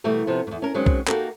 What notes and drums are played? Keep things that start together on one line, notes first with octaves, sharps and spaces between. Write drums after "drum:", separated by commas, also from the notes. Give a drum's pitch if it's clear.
B2 E3 G3 A3 A#4
C3 F3 B3
E2 G#2
C#4 A#4
D#3 F#3 G#3 C4 C#4
drum: kick B1
A#3 D#4 F#4 G4 A4 A#4, drum: clap